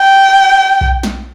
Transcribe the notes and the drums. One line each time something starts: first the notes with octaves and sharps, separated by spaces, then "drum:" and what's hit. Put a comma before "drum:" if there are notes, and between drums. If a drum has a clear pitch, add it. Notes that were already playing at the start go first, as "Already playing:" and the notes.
Already playing: G5
drum: kick B1
drum: snare